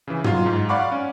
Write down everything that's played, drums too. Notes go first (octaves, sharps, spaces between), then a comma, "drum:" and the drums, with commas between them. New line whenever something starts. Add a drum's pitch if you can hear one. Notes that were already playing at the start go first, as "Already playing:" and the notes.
C#3 E3
F#3 F4, drum: tom
G#2
D5 F5 F#5 B5 C#6 D6
C#4